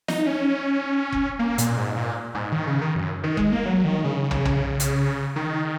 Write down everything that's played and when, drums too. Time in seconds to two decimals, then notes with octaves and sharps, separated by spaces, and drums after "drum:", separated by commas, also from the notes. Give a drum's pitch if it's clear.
0.08 D#4, drum: snare
0.26 C#4
1.12 drum: kick F#1
1.39 A#3
1.58 A#2, drum: hi-hat
1.77 G#2
1.96 A#2
2.35 G#2
2.52 D#3
2.67 C#3
2.81 D#3
2.95 F#2
3.24 D#3
3.37 G#3, drum: kick F#1
3.52 A#3
3.66 F#3
3.84 D#3
4.04 C#3
4.31 drum: tom
4.45 drum: tom
4.80 drum: hi-hat
5.36 D#3